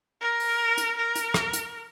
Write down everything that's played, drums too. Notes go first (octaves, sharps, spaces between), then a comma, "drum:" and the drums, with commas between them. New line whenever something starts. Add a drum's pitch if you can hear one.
A#4
drum: open hi-hat
drum: hi-hat
A#4
drum: hi-hat
drum: rim click
drum: hi-hat